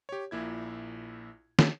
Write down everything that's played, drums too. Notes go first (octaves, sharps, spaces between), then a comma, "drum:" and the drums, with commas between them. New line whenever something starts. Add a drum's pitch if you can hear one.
G4 C#5
A#1 A#2 E4 G#6
drum: snare